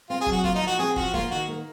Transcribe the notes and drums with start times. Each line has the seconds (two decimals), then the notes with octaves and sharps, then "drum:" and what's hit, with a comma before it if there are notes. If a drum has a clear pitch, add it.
0.10 C4 F4
0.21 G#4
0.26 F#3, drum: kick
0.33 F#4
0.44 A#3 F4, drum: kick
0.55 D#4
0.61 F3
0.67 F#4
0.79 C4 G#4
0.96 F3 F#4, drum: kick
1.14 A#3 F4, drum: kick
1.31 D#3 F#4
1.48 A#3